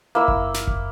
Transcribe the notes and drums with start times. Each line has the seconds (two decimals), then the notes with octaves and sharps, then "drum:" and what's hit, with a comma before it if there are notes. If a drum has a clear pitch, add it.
0.15 A#3 E4 E6
0.28 drum: kick F#1
0.54 drum: snare
0.67 drum: kick F#1